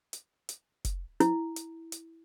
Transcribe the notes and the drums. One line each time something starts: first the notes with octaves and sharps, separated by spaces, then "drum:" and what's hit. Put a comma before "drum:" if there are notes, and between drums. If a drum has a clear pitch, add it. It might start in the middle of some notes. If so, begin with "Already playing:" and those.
drum: hi-hat
drum: hi-hat
drum: kick F1, hi-hat
E4, drum: hi-hat
drum: hi-hat
drum: hi-hat